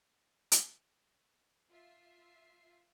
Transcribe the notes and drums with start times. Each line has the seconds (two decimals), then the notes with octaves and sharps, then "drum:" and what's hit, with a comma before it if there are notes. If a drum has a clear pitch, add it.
0.52 drum: hi-hat
1.71 F4 E5 C7